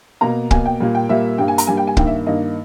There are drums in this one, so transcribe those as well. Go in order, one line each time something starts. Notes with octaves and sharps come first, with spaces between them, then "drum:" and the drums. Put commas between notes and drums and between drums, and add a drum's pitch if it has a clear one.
B2 A#3 A#5
B2 A#3 G#5, drum: kick
G5
A#2 G3 A#3
G5
A#2 G3 A#3 E5
G2 G3 A#3 G5
G#5
A#5, drum: hi-hat
G2 G3 A#3 G#5
G5
G#5
G2 D#3 A#3 G5, drum: kick
E5
G2 D#3 A#3 D#5